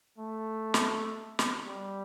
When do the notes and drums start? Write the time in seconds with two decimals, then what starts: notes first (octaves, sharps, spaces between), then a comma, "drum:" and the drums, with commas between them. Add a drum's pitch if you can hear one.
0.18 A3
0.74 drum: snare
1.39 drum: snare
1.67 G3